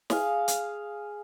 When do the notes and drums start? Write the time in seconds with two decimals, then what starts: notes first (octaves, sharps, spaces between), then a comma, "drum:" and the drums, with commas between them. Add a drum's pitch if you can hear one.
0.10 G#4 F5, drum: snare
0.48 drum: hi-hat